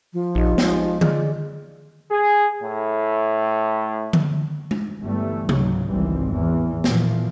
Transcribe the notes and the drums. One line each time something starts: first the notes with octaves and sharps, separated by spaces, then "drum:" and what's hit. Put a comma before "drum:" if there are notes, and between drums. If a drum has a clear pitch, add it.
F3
A#1 D#4 G4 D#5
G#3, drum: snare
F4 G#4 D5 D#5, drum: tom D3
G#4
A2
drum: tom D3
drum: tom G#3
G1 E3 G3 A3
C#2 G#2 C#3 F#3, drum: tom C3
G#1 C#2 A#2 E3 G3 C4
E2 A2 E3
A#2 E3 F3, drum: snare